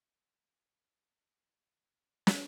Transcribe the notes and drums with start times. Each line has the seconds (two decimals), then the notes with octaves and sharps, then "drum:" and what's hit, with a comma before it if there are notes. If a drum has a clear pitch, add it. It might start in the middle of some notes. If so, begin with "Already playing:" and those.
0.20 B3
0.80 D4
1.10 F#4
1.41 F#4
1.71 E4
2.02 D4
2.27 drum: snare